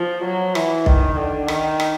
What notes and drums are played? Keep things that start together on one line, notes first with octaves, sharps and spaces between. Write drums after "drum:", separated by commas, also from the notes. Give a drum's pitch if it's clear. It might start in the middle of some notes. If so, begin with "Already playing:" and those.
Already playing: F3
F#3
E3, drum: rim click
D#3, drum: kick B1
D3
D#3, drum: rim click
drum: rim click